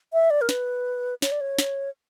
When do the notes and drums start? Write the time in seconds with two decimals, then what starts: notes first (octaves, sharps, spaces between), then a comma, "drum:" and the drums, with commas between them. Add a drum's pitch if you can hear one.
0.13 E5
0.30 D5
0.41 A#4
0.49 B4, drum: snare
1.22 C#5, drum: snare
1.32 D5
1.41 C#5
1.59 drum: snare